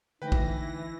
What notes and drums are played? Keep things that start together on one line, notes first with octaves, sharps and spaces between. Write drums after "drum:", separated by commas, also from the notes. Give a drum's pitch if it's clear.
D3 E3 A3 D#4 B4 C5 G5 A#6
drum: kick